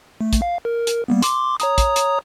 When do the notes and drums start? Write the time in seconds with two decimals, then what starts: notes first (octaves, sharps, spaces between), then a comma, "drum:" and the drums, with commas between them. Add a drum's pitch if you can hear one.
0.21 A3
0.33 drum: kick, hi-hat
0.42 F5
0.65 A#4
0.87 drum: hi-hat
1.08 G3 A#3 B3
1.22 C6 D6, drum: hi-hat
1.60 C#5 A#5 D#6, drum: hi-hat
1.78 drum: kick, hi-hat
1.96 drum: hi-hat